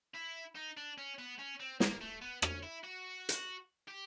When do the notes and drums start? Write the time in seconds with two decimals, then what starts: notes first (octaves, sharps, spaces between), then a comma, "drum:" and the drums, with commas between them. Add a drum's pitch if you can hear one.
0.15 E4
0.56 D#4
0.77 D4
0.98 C#4
1.19 B3
1.39 C#4
1.60 C4
1.80 A#3, drum: snare
2.01 A3
2.22 B3
2.42 C#4, drum: rim click
2.63 E4
2.84 F#4
3.29 drum: hi-hat
3.88 G4